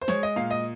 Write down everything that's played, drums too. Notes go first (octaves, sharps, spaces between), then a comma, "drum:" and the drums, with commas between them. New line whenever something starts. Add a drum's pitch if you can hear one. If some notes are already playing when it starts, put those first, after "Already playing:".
C5
G#3 C#5, drum: snare
D#5
A#2 F5
D#5